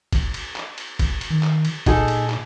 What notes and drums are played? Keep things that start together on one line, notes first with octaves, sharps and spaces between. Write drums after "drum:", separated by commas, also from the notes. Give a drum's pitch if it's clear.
drum: kick, cymbal
drum: cymbal
drum: clap
drum: cymbal
drum: kick, cymbal
drum: cymbal
D#3
drum: clap
drum: cymbal
A#2 D#4 G#4 A4, drum: kick, cymbal
drum: cymbal
drum: clap